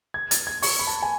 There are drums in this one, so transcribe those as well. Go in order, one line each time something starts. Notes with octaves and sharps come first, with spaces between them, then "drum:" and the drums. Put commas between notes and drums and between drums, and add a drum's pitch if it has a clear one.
G#6
A6, drum: hi-hat
G#6
C#6, drum: open hi-hat
B5
A5
G#5